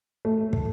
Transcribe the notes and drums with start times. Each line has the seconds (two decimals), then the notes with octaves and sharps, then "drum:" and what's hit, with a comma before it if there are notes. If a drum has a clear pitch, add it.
0.25 A3
0.53 drum: kick